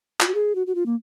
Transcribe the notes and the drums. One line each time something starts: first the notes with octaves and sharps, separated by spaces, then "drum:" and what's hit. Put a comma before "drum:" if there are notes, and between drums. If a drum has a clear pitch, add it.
F4, drum: clap
F#4
G#4
F#4
F#4
F4
A#3